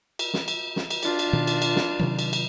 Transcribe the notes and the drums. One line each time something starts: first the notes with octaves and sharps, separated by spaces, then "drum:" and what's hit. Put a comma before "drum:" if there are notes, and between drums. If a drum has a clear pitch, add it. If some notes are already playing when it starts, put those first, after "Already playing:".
drum: cymbal
drum: snare
drum: cymbal
drum: snare
drum: cymbal
D4 F4, drum: cymbal
drum: cymbal
B2 D#3
drum: cymbal
drum: cymbal
drum: snare
C3 D#3 F#3
drum: cymbal
drum: cymbal